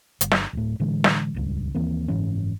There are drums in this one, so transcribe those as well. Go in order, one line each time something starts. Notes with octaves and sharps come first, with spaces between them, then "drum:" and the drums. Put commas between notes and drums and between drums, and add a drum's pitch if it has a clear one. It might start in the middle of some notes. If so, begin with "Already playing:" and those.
G1, drum: hi-hat
drum: snare
D1 A2
A2 D3 E3 G#3
drum: snare
D#1 C#2 G2
D#2 E3 A#3 C4
F#1 G#2 E3 C#4